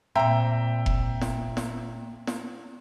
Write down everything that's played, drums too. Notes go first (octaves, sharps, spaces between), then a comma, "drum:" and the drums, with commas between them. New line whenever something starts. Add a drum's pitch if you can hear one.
A#2 C4 E5 G5 A#5
drum: kick F1
drum: snare
drum: snare
drum: snare